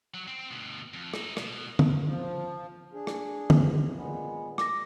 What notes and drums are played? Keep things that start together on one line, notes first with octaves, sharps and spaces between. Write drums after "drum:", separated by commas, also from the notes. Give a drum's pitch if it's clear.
F#3
C4
D2 B2
F2
D#4 E4, drum: rim click
B2, drum: rim click
drum: tom
F3
D4 G#4
drum: rim click
drum: tom
A#2 G#3 B3
D6 A#6, drum: rim click